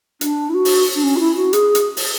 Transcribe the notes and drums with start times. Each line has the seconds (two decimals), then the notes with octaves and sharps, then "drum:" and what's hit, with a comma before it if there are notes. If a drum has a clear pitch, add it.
0.21 D4, drum: hi-hat
0.49 E4
0.54 F#4
0.65 drum: open hi-hat
0.95 D4
1.03 C#4
1.16 F#4
1.20 E4
1.36 F#4
1.53 G#4, drum: hi-hat
1.75 drum: hi-hat
1.97 drum: open hi-hat